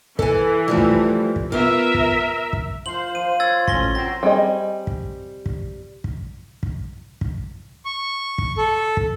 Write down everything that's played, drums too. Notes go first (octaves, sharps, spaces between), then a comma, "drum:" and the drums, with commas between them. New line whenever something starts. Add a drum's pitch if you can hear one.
E3 A4 G#5, drum: kick
F3 G3 A3
drum: kick
drum: kick
B3 F4 A#4 E5
drum: kick
drum: kick
F3 F4 C5 F#7
F3 D#7
C#5 E6 G#6 A6
A1 C#4 C6 A#6 G7, drum: kick
F#3 C4 A#6
G3 C4 G#4 D#5
drum: kick
drum: kick
drum: kick
drum: kick
drum: kick
C#6
drum: kick
A4
drum: kick